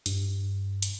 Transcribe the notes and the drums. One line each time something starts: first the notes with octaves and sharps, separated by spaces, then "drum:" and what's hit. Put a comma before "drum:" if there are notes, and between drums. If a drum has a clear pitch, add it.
G2, drum: hi-hat
drum: hi-hat